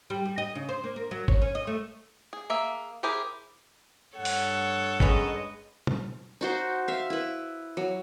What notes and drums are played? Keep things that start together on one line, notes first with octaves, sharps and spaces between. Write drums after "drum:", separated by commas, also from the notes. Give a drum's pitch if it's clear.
G3
G3
D#5
C#3
C5
A#3
A#4
F#3
C#5, drum: kick
C#4
D#5
A3
G#4
A#3 G#4 E5
E4 G4 G#4 A#4 C5
G2 A4 C#5 F#5
drum: open hi-hat
D#3 G#3 B3 C#4 B4 D#5, drum: kick
drum: tom
D#4 F#4 C5
E5 F5
E4 B4
F#3